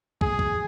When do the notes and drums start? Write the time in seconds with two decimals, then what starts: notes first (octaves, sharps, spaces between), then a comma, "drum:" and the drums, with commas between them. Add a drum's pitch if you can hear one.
0.21 G#4, drum: kick
0.39 drum: kick